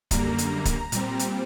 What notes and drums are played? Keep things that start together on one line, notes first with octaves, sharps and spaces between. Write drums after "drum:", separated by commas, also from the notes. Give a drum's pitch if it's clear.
F#2 D3 G3 A#3 A#5, drum: kick, hi-hat
drum: hi-hat
drum: kick, hi-hat
A#2 G3 C4, drum: hi-hat
drum: hi-hat